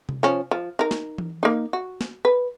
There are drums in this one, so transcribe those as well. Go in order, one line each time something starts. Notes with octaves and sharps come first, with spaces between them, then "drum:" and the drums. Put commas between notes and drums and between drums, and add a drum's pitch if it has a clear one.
drum: tom C3
F3 C#4
F3
D#4 A#4
drum: snare
drum: tom E3
A#3 D#4
F#4
drum: snare
B4